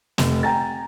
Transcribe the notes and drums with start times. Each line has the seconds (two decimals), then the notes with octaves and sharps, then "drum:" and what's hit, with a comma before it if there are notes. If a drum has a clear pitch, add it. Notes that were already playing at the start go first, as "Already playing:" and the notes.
0.18 F1, drum: snare
0.43 G5 G#5 A#5 A6